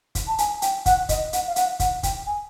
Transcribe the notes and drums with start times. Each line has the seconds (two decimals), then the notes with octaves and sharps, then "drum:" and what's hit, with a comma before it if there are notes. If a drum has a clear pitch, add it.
0.15 drum: kick, hi-hat
0.27 A5
0.38 G#5, drum: hi-hat
0.62 G5, drum: hi-hat
0.86 F#5, drum: kick, hi-hat
1.09 D#5, drum: kick, hi-hat
1.33 F#5, drum: hi-hat
1.47 F5
1.56 F#5, drum: hi-hat
1.80 F#5, drum: kick, hi-hat
2.03 G5, drum: kick, hi-hat
2.27 G#5